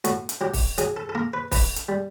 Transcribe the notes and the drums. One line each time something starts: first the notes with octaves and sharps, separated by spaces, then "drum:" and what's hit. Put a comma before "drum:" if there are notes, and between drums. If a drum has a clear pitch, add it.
A2 F#4, drum: hi-hat
drum: hi-hat
F#3 G4
drum: kick, open hi-hat
F#3 G#4, drum: hi-hat
A4
A4
A#3 A#4
B4
E3 B4, drum: kick, open hi-hat
drum: hi-hat
G3